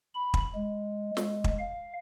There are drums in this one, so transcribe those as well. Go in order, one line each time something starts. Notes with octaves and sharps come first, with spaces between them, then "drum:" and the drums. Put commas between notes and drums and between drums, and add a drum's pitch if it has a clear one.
B5
drum: kick
G#3
G#3, drum: snare
drum: kick
F5